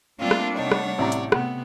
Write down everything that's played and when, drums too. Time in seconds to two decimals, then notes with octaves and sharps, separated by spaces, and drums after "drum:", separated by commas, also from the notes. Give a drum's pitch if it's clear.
0.20 G3 A3 A#3 C4 D4 F4
0.31 drum: rim click
0.57 C3 D#4 C#5 F#5
0.71 drum: rim click
0.98 A1 C3 D5 A#5
1.12 drum: hi-hat
1.32 C3 A3 B3 F#5, drum: rim click